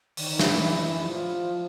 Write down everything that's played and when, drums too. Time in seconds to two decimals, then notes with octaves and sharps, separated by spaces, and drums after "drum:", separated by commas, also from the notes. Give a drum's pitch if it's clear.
0.17 D#3, drum: open hi-hat
0.29 D#3
0.39 E3, drum: snare
1.04 F3